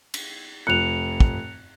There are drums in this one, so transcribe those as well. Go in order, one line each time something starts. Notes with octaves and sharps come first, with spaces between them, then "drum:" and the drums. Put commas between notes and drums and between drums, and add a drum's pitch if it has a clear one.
drum: cymbal
F1 F#6 C#7 F7
drum: kick